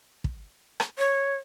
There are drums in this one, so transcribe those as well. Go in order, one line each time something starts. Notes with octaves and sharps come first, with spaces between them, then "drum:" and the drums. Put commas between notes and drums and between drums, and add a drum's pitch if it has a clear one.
drum: kick
drum: rim click
C#5